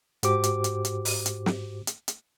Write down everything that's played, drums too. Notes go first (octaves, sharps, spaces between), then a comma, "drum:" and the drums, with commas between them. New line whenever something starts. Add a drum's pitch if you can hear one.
G#2 F#4 G4 C5 D6, drum: hi-hat
drum: hi-hat
drum: hi-hat
drum: hi-hat
drum: open hi-hat
drum: hi-hat
drum: snare
drum: hi-hat
drum: hi-hat